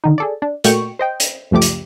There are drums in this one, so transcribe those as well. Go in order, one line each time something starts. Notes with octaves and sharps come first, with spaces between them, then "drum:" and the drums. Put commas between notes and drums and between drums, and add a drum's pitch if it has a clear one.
D3 D#3 D#4
G#4 A4 D5
D4
A#2 A3 A#3 F#4 G5 C#6, drum: hi-hat
C5 D#5 G5
drum: hi-hat
C#2 F#2 F3 A3 G4 D6
drum: hi-hat